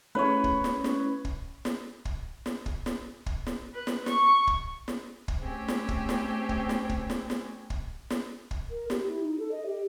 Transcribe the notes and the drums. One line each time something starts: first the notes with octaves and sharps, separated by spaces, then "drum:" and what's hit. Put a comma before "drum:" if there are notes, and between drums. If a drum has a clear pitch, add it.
A3 C#4 E4 B4 C#5
drum: kick
drum: snare
drum: snare
drum: kick
drum: snare
drum: kick
drum: snare
drum: kick
drum: snare
drum: kick
drum: snare
B4
drum: snare
C#6, drum: snare
drum: kick
drum: snare
drum: kick
A3 C4 C#4 G4 G#4
drum: snare
drum: kick
drum: snare
drum: kick
drum: snare
drum: kick
drum: snare
drum: snare
drum: kick
drum: snare
drum: kick
A#4
G4, drum: snare
E4
D#4
A4
D#5
G4